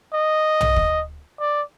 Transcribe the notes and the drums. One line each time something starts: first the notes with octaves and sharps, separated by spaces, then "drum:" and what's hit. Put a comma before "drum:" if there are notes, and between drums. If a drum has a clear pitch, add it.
D#5
drum: tom
drum: kick
D5